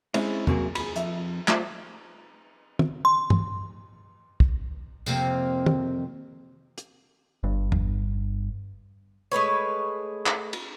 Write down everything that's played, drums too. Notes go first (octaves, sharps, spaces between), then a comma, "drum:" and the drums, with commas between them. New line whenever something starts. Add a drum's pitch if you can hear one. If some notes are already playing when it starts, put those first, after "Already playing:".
G#3 C4 C#4 E4, drum: cymbal
F#2 A#3 C4 F#4 G#4 A#4, drum: tom E2
G#4 B5, drum: cymbal
F2 E5, drum: hi-hat
G3 A3 F4 C5 E5, drum: clap
drum: tom
C6
drum: tom G2
drum: kick
F2 C3 A#3, drum: tambourine
drum: tom
drum: hi-hat
G1 G2
drum: tom E2
G#3 A3 B4 C#5
drum: clap
drum: cymbal